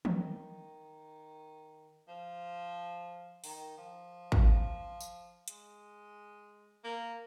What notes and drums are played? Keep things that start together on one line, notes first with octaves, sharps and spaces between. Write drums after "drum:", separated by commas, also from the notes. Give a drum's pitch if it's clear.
D#3, drum: tom D#3
F3
D#3, drum: open hi-hat
F3
drum: kick
drum: tambourine
G#3, drum: hi-hat
A#3